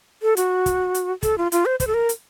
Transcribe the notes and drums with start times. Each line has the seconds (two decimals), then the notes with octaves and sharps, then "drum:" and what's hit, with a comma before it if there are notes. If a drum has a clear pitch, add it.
0.22 A4
0.37 F#4, drum: hi-hat
0.66 drum: kick, hi-hat
0.94 drum: hi-hat
1.23 A4, drum: kick, hi-hat
1.38 F4
1.52 F4, drum: hi-hat
1.66 C5
1.80 C5, drum: kick, hi-hat
1.87 A4
1.94 A#4
2.09 drum: hi-hat